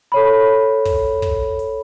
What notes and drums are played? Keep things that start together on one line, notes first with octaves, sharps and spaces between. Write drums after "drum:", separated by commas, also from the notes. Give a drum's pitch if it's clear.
A4 C#5 B5
drum: kick, open hi-hat
drum: kick, hi-hat
drum: hi-hat